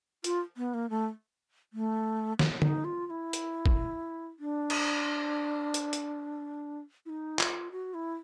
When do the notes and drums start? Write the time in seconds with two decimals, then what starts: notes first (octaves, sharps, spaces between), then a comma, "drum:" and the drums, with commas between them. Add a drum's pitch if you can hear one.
0.24 F4, drum: hi-hat
0.57 B3
0.74 A#3
0.90 A3
1.73 A3
2.39 B3, drum: snare
2.62 D#4, drum: tom D3
2.85 F4
3.07 F4
3.10 E4
3.33 drum: hi-hat
3.66 drum: kick
4.39 D4
4.70 drum: cymbal
5.74 drum: hi-hat
5.93 drum: hi-hat
7.06 E4
7.10 D#4
7.39 F4, drum: clap
7.72 F#4
7.94 E4